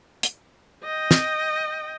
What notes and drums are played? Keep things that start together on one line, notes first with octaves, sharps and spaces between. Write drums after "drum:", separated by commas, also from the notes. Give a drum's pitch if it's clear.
drum: hi-hat
D#5 G5
drum: snare